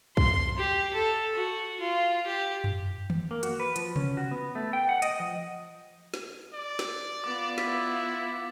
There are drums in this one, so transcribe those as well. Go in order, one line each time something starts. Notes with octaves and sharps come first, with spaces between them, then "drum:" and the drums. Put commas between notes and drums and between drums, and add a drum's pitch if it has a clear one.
C6, drum: kick
G4
A4
F#4
F4
G4
drum: tom F#2
drum: tom D#3
A#3
F#4, drum: hi-hat
B4
F3, drum: hi-hat
C#4, drum: tom C3
F#4
B3
A3
G5
F#5
D#5, drum: hi-hat
F3
drum: snare
D5
drum: snare
B3 F4 D6
E4 A6 B6, drum: snare